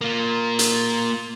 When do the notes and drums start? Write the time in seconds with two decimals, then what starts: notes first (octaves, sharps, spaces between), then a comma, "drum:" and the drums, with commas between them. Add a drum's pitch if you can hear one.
0.01 A#3 F4
0.59 drum: hi-hat